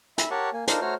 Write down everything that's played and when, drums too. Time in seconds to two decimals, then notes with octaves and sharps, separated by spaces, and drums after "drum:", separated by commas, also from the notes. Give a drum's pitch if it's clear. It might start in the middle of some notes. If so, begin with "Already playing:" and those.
0.18 E5 B5, drum: hi-hat
0.31 G4 A#4 C#5 F#5 A5 C#6
0.53 A#3 G#5
0.67 D4 D#4 F4 A#4 C5, drum: hi-hat
0.81 A3 F#4 C5 C#5 A#5 F6